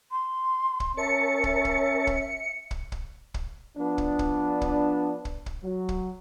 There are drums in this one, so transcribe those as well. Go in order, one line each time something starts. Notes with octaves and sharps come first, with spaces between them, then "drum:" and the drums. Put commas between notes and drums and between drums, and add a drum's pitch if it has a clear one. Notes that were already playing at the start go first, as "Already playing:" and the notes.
C6
drum: kick
C#4 A#4 C#5 E5 A5 C#7
drum: kick
drum: kick
drum: kick
drum: kick
drum: kick
drum: kick
F3 B3 D4
drum: kick
drum: kick
drum: kick
drum: kick
drum: kick
F#3
drum: kick